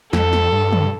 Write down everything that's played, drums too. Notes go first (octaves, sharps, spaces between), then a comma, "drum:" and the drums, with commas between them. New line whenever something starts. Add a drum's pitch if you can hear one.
F2 A4, drum: snare
drum: snare
G2
drum: tom